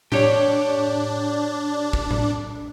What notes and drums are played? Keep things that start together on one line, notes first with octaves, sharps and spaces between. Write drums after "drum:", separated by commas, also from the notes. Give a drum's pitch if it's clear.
D4 G4 C#5, drum: tom A2
drum: kick
drum: tom A2